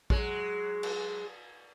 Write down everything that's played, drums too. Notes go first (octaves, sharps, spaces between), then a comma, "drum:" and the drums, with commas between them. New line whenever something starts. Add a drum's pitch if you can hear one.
F#3 G#3, drum: kick
drum: cymbal